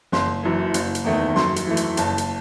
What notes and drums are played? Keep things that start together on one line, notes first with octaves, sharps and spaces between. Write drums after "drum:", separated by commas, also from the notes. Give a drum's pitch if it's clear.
F#1 C6, drum: snare
F#2 E3
F#1, drum: hi-hat
drum: hi-hat
E2 D#3 A3
F#2 C6, drum: snare
drum: hi-hat
E3 A3
drum: hi-hat
F#1 A5, drum: hi-hat
drum: hi-hat